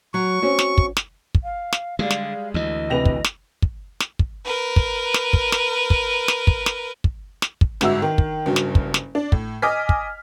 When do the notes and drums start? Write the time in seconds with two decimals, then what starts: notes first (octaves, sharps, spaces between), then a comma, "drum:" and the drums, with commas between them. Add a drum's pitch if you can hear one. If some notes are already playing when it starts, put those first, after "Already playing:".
0.14 F#3 C#6
0.42 C4 C#4 F#4
0.59 drum: snare
0.78 drum: kick
0.97 drum: snare
1.35 drum: kick
1.44 F5
1.73 drum: snare
1.99 D3 G3 G#3 F5
2.11 drum: snare
2.54 D2 E3 D#5
2.90 C3 B4 G5 G#5 A#6 F7
3.05 drum: kick
3.24 drum: snare
3.62 drum: kick
4.00 drum: snare
4.19 drum: kick
4.45 A#4 B4
4.76 drum: kick
5.14 drum: snare
5.33 drum: kick
5.52 drum: snare
5.90 drum: kick
6.28 drum: snare
6.47 drum: kick
6.66 drum: snare
7.04 drum: kick
7.42 drum: snare
7.61 drum: kick
7.81 G1 G#2 F#4 E5 E6, drum: snare
8.02 D#3
8.18 drum: kick
8.46 F#1 G2 F#3
8.56 drum: snare
8.75 drum: kick
8.94 drum: snare
9.15 D4
9.32 A2, drum: kick
9.62 D#5 G#5 D6 D#6 F6 B6
9.89 drum: kick